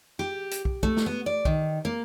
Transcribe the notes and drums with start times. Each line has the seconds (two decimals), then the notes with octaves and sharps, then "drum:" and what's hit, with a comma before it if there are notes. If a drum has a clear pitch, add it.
0.19 G4
0.51 drum: hi-hat
0.65 drum: kick
0.83 A3, drum: kick
0.97 drum: snare
1.06 B3
1.26 D5
1.45 D#3, drum: kick
1.85 A#3